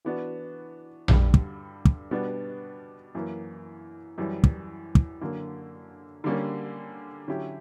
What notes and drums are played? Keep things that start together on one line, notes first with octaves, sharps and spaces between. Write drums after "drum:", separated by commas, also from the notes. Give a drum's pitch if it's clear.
E3 B3 D4 F#4
G2 D3 G3, drum: tom A#1
drum: kick
drum: kick
B2 G3 B3 D4
F#2 E3 A#3
F#2 E3 G3
drum: kick
drum: kick
F#2 D3 A#3
D3 G3 A#3 C#4
D3 F#3 C#4 E4 G4